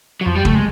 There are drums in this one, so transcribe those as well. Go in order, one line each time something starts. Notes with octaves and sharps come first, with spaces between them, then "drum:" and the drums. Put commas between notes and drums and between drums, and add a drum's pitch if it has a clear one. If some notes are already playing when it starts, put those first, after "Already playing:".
F#3
F2 F3
G3
C#3 F#3 A3, drum: kick
G#3